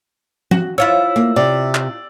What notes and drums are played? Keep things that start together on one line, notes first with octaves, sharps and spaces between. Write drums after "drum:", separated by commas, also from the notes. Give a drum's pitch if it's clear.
F#4, drum: tom F3
E4 F4 C#5 E6
A#3
C3 D5
drum: clap